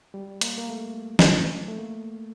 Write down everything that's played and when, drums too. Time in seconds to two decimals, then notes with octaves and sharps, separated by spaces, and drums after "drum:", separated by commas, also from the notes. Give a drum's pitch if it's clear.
0.14 G3
0.41 A#3, drum: hi-hat
0.58 A#3
0.69 A3
1.19 drum: snare
1.68 A3
1.78 A#3